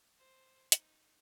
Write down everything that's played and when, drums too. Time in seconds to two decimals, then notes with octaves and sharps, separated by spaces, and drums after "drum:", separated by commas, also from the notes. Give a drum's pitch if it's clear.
0.17 C5
0.72 D#4, drum: hi-hat